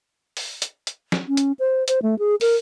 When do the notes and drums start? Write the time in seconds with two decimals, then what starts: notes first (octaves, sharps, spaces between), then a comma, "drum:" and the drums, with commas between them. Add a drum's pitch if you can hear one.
0.37 drum: open hi-hat
0.62 drum: hi-hat
0.87 drum: hi-hat
1.12 drum: snare
1.28 C#4
1.37 drum: hi-hat
1.59 C5
1.88 C5, drum: hi-hat
2.02 A3
2.19 G#4
2.41 A#4, drum: open hi-hat